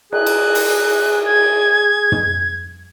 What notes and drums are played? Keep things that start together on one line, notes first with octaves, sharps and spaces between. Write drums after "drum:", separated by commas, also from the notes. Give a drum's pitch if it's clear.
G#4 F#6, drum: cymbal
drum: cymbal
drum: open hi-hat
G#6
drum: tom